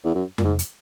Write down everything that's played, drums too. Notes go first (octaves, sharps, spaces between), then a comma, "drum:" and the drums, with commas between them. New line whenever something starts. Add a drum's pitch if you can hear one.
E2
F#2
A#2, drum: tom F2
G#2
drum: hi-hat